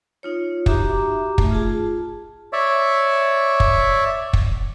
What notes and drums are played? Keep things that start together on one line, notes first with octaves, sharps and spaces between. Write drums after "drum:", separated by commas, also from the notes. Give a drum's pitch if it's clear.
D#4 F4 C#5
D#4 F#4 G4 E5 A#5 D6, drum: kick
A3, drum: kick
F4 G#4 A5
C#5 D5 E5
drum: kick
drum: kick